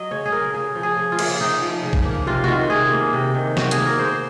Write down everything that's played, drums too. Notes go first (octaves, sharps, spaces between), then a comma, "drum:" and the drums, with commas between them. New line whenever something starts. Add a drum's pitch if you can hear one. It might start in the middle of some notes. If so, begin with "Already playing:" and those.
Already playing: F#3 D#5
C#3 C#5
G#4
C#4 A#4
C#3 G#4
F3
G#4
C#3
F4
A#3, drum: cymbal
C#3 D#4
F3
C#3
drum: kick
A#3
C3 F4
D#3 F4 F#4
C3 G#4
A#3
C3
D#3
C3 F#4, drum: snare
G#4, drum: hi-hat
A#3
A#4
C#3 C5